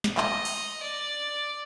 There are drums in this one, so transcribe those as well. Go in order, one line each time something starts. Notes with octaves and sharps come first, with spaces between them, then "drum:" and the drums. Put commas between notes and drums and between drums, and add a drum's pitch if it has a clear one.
drum: snare
D#5, drum: clap
drum: cymbal
D5